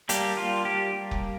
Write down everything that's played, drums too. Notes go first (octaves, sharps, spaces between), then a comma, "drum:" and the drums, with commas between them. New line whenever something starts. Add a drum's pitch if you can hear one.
G3 A#3 D4 G4, drum: hi-hat
F4
G4
drum: kick F1